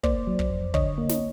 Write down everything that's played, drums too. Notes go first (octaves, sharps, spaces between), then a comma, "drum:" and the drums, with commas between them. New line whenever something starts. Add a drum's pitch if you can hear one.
A#3 C5 D5, drum: kick
F#3
drum: kick
F2
D3 C#5 D#5, drum: kick
A#3
drum: snare